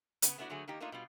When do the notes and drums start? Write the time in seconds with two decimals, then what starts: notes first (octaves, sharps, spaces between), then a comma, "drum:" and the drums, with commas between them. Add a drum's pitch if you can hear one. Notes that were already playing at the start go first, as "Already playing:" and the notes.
0.22 C#3 B3, drum: hi-hat
0.38 A3 B3 D4 E4 F#4
0.50 D3 F#3 A3 F#4 G#4
0.68 D#3 A#3 D#4 G4
0.80 A3 A#3 D4 D#4 F4
0.92 B2 G3 F4